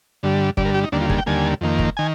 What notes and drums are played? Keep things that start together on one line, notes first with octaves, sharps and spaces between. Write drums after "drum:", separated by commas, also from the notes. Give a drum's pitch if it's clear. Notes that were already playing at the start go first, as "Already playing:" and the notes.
G2 D3 G3
G2 D3 G3 D5, drum: kick
A#4
G4
D#4
D#2 D3 G3 A#3 D4
F4
G#4, drum: kick
G5
D#2 D3 G3 A#3 G#5
F2 D#3 A#3
drum: kick
D#3 G#5